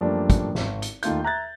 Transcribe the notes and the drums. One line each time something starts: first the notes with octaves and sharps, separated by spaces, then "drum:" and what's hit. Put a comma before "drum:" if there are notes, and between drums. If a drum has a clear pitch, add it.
F#2 F3 G3 A3 A#3 D4
drum: kick, hi-hat
G#1, drum: snare
G7, drum: hi-hat
D#2 D#3 A3 F4 G6, drum: hi-hat
E5 A#5 F#6 G#6 A6